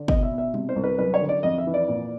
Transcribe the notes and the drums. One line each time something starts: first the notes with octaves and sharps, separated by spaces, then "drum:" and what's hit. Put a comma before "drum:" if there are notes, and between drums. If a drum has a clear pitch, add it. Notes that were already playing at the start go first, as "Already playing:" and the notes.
Already playing: D3
B2 D#5, drum: kick
E5
B2
E5
C3, drum: tom G3
C5
C2
B4
F#2 B4
C#5
D3
D5
F2 D#5
E5
E3
D5
A#2